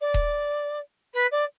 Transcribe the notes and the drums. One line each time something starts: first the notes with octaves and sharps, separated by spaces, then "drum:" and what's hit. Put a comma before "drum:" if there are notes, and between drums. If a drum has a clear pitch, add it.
D5
drum: kick D#1
B4
D5